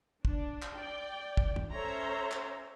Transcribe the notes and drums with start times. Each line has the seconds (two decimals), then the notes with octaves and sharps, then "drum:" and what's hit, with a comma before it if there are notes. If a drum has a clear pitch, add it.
0.25 D4, drum: kick
0.62 drum: clap
0.74 D5 G5
1.37 drum: kick
1.56 drum: tom F#2
1.72 C#4 A4 C5 C#5 E5 A#5
2.31 drum: clap